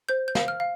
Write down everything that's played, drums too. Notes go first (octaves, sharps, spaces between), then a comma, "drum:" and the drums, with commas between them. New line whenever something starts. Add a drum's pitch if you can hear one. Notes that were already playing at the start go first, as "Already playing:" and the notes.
C5 G6
G6
F5, drum: snare
F6
F5